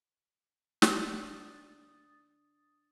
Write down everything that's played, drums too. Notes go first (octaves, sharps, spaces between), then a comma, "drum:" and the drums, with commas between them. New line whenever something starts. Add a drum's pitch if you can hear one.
D4 D#6 A6, drum: snare